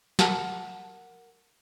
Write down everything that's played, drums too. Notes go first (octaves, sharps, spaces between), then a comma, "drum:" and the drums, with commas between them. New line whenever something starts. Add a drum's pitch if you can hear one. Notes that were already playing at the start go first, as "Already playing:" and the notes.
A#4 F#5 A5, drum: snare